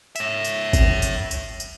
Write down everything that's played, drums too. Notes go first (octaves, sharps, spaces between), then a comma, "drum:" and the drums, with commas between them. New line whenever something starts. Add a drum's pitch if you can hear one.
C#5 E5, drum: tambourine
drum: tambourine
drum: kick, tambourine
drum: tambourine
drum: tambourine
drum: tambourine